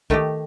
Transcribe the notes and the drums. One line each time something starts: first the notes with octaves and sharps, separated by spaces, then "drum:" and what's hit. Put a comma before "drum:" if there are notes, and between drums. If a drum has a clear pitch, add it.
D#3 A3 D#4 G4, drum: kick